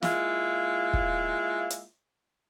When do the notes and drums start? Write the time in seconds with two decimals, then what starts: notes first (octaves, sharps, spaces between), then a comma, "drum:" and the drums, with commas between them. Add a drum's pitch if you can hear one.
0.03 G#3 A#3 E4 F4, drum: snare
0.93 drum: kick
1.70 drum: hi-hat